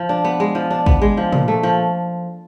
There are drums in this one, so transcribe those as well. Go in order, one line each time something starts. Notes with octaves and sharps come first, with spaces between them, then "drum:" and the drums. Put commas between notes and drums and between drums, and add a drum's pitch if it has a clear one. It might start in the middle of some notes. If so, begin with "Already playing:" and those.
Already playing: F3
D4
B3
G#3
F3
D4
B3, drum: kick
G#3
F3
A#2, drum: tom
A3
F3